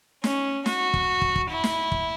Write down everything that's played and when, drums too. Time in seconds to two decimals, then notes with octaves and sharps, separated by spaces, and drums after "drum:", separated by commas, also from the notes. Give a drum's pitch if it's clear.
0.24 C#4, drum: snare
0.66 F#4, drum: snare
0.94 drum: kick
1.22 drum: kick
1.36 drum: kick
1.50 E4
1.64 drum: snare
1.92 drum: kick